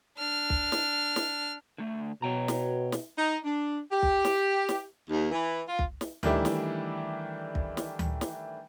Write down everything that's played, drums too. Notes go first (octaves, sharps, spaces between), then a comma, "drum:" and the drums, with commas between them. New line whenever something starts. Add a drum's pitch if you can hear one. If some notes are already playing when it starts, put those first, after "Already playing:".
D4 F6
drum: kick
drum: snare
drum: snare
D3 A3
B2 C#5 G5 A#5
drum: snare
drum: snare
D#4
D4
G4
drum: kick
drum: snare
drum: snare
D#2
E3
F4
drum: kick
drum: snare
D#3 E3 G3 A3 D4 E4, drum: tom D2
drum: snare
drum: kick
drum: snare
drum: tom D2
drum: snare